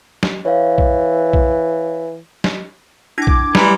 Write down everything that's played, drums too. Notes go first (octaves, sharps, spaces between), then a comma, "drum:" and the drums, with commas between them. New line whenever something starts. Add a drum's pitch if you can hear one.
drum: snare
E3 C#5 F5
drum: kick B1
drum: kick B1
drum: snare
D4 E4 D6 G#6
drum: kick B1
E3 G3 A3 A#5 C6, drum: snare